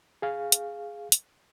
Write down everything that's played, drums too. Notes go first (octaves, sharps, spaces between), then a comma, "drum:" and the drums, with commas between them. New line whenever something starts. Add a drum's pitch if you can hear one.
G#4 F5
drum: hi-hat
drum: hi-hat